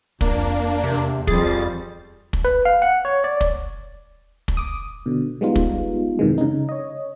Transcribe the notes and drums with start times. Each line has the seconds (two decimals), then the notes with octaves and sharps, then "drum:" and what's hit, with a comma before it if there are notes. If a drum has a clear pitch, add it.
0.21 F2 A#3 D4, drum: kick, hi-hat
0.84 E2 C3
1.27 F2 G3 G#4 A6, drum: kick, hi-hat
2.33 drum: kick, hi-hat
2.45 B4
2.65 F5
2.82 F#5
3.05 C#5
3.24 D5
3.41 drum: kick, hi-hat
4.48 drum: kick, hi-hat
4.57 D6 D#6
5.06 B2 D3
5.41 G3 G#3 B3 D#4 F4
5.56 drum: kick, hi-hat
6.19 F#2 C3 D#3 E3 G#3
6.38 C#3 D#4
6.69 C#5 D#5